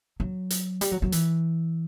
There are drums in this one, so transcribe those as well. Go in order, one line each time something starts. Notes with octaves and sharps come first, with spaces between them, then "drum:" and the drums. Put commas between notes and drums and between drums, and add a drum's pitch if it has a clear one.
F#3
drum: hi-hat
G3, drum: hi-hat
F#3
F#3
E3, drum: hi-hat